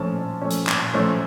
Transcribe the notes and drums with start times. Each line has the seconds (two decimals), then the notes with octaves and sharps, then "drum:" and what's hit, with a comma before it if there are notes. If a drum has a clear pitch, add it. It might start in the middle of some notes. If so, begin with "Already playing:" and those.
Already playing: A#2 F3 A3 C#4 A5
0.17 A#2
0.41 F3 A3 C#4
0.51 drum: hi-hat
0.67 A#2, drum: clap
0.93 F3 A3 C#4